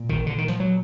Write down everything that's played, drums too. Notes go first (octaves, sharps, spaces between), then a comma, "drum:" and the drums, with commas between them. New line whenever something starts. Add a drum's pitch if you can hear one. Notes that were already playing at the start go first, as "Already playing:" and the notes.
Already playing: A#2
D#3, drum: kick G#1
D3
D#3
F3, drum: snare
F#3